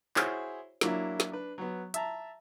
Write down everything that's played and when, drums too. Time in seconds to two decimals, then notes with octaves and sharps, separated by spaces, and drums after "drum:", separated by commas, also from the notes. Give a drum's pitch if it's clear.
0.16 E4 F#4 G#4 C5 C#5, drum: clap
0.81 F#3 A#3 D4 E4, drum: snare
1.20 drum: snare
1.32 D4 B4
1.58 F#3 B3
1.94 E5 A5 A#5, drum: hi-hat